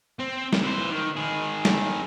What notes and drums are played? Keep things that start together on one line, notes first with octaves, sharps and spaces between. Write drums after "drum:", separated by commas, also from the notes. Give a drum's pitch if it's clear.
C4
drum: snare
E3 C5
D#3
D#3 G#4
drum: snare